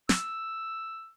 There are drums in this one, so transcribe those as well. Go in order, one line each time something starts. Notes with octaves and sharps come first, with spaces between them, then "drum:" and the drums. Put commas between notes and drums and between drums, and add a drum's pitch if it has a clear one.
E6, drum: snare